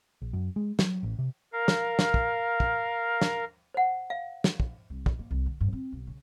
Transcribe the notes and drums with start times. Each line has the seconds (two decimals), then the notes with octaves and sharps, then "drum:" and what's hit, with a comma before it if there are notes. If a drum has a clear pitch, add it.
0.22 A#1
0.33 F#2
0.56 G#3
0.79 F#3, drum: snare
1.03 A1
1.19 C3
1.53 A#4 F5
1.68 drum: snare
1.99 drum: snare
2.14 drum: kick
2.60 drum: kick
3.22 drum: snare
3.74 C5 F#5
4.10 F5
4.44 drum: snare
4.60 drum: kick
4.90 C2
5.06 E3, drum: kick
5.19 A#3
5.31 C2
5.46 D3
5.61 G2
5.73 C4
5.92 B1
6.07 C#3